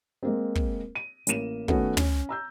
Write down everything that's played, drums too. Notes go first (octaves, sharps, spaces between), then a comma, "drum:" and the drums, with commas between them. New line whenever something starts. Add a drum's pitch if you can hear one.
G#3 A#3 C4
drum: kick
D#7
A1 A#3 D#7 E7, drum: hi-hat
D#3 A3 B3 C#4 F#4 A4, drum: kick
C#4, drum: tom
A#5 E6 G6